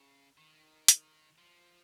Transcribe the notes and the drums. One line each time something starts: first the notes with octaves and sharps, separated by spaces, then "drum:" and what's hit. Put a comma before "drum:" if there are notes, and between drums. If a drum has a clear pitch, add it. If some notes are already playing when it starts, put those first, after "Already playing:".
Already playing: C#3
D#3
drum: hi-hat
F3